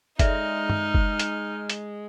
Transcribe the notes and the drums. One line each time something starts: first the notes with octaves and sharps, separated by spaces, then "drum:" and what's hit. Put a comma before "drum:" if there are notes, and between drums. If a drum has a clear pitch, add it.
G#3 D#4 A4 D5 E5 F6, drum: kick F#1, hi-hat
drum: tom
drum: kick F#1
drum: hi-hat
drum: hi-hat